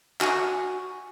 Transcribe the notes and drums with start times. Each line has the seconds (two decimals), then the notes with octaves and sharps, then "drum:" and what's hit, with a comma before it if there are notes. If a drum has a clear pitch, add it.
0.21 F#4 G#5, drum: clap